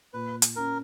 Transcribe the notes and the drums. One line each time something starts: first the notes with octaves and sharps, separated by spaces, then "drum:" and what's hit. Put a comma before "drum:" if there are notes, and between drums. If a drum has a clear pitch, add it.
A#2 B4
drum: hi-hat
C#4 A#4